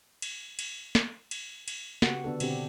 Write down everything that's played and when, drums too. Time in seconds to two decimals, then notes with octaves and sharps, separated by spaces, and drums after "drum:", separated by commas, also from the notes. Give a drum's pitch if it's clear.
0.22 drum: cymbal
0.59 drum: cymbal
0.95 drum: snare
1.31 drum: cymbal
1.68 drum: cymbal
2.02 C#3 B3 F#4 G4 F#5, drum: snare
2.24 D3 B3 D4 A4
2.40 B2 D3 C4 D4 G4, drum: cymbal